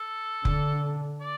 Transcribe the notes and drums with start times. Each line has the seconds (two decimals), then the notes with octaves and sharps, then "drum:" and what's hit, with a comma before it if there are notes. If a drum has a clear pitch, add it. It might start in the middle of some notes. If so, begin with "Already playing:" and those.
Already playing: A4
0.45 D3, drum: kick F1
1.21 D5